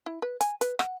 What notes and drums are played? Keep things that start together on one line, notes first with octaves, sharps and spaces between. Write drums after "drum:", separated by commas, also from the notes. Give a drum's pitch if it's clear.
E4
B4
G#5, drum: hi-hat
B4, drum: hi-hat
F#5, drum: rim click